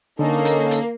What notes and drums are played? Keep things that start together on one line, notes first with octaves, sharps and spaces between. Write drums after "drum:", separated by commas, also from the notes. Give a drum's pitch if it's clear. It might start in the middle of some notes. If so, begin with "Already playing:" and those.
D3 A#3 C#4 D#4 A4
drum: hi-hat
drum: hi-hat